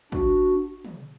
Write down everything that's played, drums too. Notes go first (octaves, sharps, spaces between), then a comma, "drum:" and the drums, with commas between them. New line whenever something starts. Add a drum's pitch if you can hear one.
D4 F#4, drum: kick
drum: tom